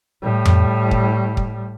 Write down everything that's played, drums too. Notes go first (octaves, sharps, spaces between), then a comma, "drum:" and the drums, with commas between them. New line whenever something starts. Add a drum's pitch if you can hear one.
A2 G3
drum: tom F2
drum: kick
drum: kick